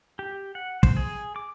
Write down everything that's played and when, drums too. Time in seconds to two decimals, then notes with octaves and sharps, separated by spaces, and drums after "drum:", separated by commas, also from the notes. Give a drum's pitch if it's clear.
0.19 G4
0.55 F#5
0.83 C5, drum: kick
0.97 G#4
1.36 D6